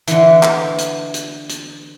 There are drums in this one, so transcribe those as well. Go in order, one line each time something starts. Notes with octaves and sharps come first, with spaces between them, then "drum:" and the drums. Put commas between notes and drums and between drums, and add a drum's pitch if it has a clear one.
D3 E3, drum: hi-hat
drum: clap
drum: hi-hat
drum: hi-hat
drum: hi-hat